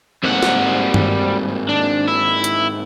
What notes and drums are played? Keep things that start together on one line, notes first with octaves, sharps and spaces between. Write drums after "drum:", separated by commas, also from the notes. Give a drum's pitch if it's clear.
G#2 G3 A#3 C4 F#5
drum: snare
drum: tom G2
D4
E4
drum: hi-hat